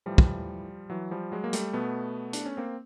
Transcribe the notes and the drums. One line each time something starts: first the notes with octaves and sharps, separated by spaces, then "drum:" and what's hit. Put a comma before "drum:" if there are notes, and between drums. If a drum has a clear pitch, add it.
A2 E3 F3 G3
drum: kick
E3 F#3
F3 G3
F#3 G#3
A#3
G3 A3, drum: hi-hat
B2 A3 B3
D4, drum: hi-hat
C#4
A#3 C4